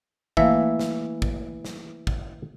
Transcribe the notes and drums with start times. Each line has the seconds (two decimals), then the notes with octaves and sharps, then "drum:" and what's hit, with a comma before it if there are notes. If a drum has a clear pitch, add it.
0.37 E3 A3 A#3 E5 F5, drum: kick
0.79 drum: snare
1.22 drum: kick
1.65 drum: snare
2.07 drum: kick